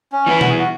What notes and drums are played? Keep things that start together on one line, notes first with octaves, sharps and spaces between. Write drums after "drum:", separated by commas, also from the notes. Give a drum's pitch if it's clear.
C#4
E3 B3 E4
F#4, drum: tom B2
G#4
F#4